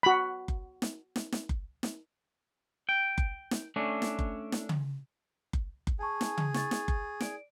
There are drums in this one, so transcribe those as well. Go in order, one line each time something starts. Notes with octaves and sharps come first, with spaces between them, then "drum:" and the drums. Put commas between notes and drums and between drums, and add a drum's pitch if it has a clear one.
F#4 B5
drum: kick F#1
drum: snare
drum: snare
drum: snare
drum: kick F#1
drum: snare
G5
drum: kick F#1
drum: snare
A3 C#4 D4
drum: snare
drum: kick F#1
drum: snare
drum: tom C#3
drum: kick F#1
drum: kick F#1
G#4 G#5 A5 C#6
drum: snare
drum: tom C#3
C#6 A6, drum: snare
drum: snare
drum: kick F#1
D5 D7, drum: snare